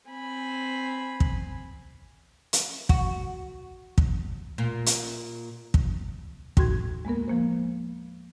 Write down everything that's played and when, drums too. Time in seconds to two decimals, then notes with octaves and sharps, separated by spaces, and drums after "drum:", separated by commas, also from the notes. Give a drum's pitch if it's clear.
0.10 C4 G#5 B5
1.20 drum: kick
2.53 drum: hi-hat
2.89 F#4, drum: kick
3.98 drum: kick
4.58 A#2
4.86 drum: hi-hat
5.74 drum: kick
6.57 D#2 A2 F#4 C6 G#6, drum: kick
7.05 G#3 A#3 B3 A#4
7.28 F3 A#3 C5